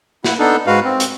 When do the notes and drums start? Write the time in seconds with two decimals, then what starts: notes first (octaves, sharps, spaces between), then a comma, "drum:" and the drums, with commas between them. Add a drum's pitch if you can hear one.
0.24 E4 F#5, drum: snare
0.39 B3 D4 D#4 A4
0.67 G#2 G#3 F#4 B4 F5
0.84 C4
1.00 drum: hi-hat